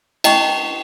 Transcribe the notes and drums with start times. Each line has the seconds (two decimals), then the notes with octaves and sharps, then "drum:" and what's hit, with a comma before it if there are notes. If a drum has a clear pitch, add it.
0.24 E4 D#5 G5 A5 C#6, drum: cymbal